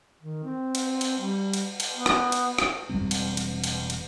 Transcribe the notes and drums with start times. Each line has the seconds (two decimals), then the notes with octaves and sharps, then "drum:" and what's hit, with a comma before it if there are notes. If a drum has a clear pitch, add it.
0.22 D#3
0.44 C4
0.75 drum: cymbal
1.01 drum: cymbal
1.19 G3
1.53 drum: cymbal
1.80 drum: cymbal
1.95 B3
2.06 drum: rim click
2.32 drum: cymbal
2.59 drum: rim click
2.89 E1 F#2 G3 C4
3.11 drum: cymbal
3.37 drum: cymbal
3.64 drum: cymbal
3.90 drum: cymbal